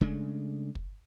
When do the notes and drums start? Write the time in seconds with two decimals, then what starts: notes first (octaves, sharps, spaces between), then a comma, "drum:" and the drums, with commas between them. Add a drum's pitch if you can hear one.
0.01 C#3 G#3 A3 D4, drum: kick
0.75 drum: kick